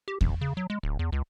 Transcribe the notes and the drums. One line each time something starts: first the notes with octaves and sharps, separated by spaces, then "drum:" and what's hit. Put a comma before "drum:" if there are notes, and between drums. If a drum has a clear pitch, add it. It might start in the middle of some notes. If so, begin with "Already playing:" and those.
G4
D#1, drum: kick E2
C#3
F#3
G#3
D1
E2
C#2